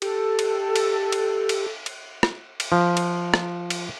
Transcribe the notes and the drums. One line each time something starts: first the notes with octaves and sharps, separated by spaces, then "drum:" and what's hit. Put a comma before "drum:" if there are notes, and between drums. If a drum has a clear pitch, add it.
G4 A4, drum: cymbal
drum: cymbal
drum: cymbal
drum: cymbal
drum: cymbal
drum: cymbal
drum: rim click
drum: cymbal
F3
drum: cymbal
drum: rim click
drum: cymbal